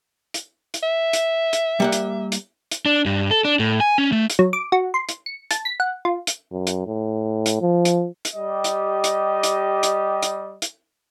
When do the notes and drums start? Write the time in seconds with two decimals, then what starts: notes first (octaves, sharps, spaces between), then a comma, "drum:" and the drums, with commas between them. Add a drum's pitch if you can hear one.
0.34 drum: hi-hat
0.74 drum: hi-hat
0.83 E5
1.13 drum: hi-hat
1.53 drum: hi-hat
1.80 G3 A#3 F#5
1.92 drum: hi-hat
2.32 drum: hi-hat
2.71 drum: hi-hat
2.86 D4
3.06 G2
3.31 A4
3.45 D4
3.59 A2
3.80 G#5
3.98 C#4
4.12 A3
4.30 drum: hi-hat
4.39 F#3
4.53 D6
4.72 F#4
4.94 C6
5.09 drum: hi-hat
5.26 C#7
5.51 A5, drum: hi-hat
5.65 B6
5.80 F#5
6.05 F4
6.27 drum: hi-hat
6.52 F#2
6.67 drum: hi-hat
6.87 A2
7.46 drum: hi-hat
7.61 F3
7.85 drum: hi-hat
8.25 drum: hi-hat
8.34 G3 G4 D#5
8.64 drum: hi-hat
9.04 drum: hi-hat
9.43 drum: hi-hat
9.83 drum: hi-hat
10.22 drum: hi-hat
10.62 drum: hi-hat